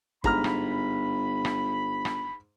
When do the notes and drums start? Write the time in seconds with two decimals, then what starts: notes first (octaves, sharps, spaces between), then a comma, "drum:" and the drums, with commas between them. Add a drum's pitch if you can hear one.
0.24 G1 G#2 A#5 B5 F6, drum: kick
0.44 drum: rim click
1.45 drum: rim click
2.05 drum: rim click